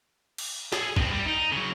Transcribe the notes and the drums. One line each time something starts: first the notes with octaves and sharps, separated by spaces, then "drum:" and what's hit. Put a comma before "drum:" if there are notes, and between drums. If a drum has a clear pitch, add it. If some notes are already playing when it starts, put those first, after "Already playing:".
drum: cymbal
G#4 A4, drum: snare
A2 C4, drum: kick A#1
G3
D#4
C#3 F#3